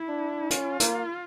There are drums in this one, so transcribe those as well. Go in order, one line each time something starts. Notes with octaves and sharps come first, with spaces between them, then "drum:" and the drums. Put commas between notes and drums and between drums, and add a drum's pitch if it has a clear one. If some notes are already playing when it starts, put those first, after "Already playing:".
Already playing: E4
D4
C#4 F4, drum: hi-hat
A#3, drum: hi-hat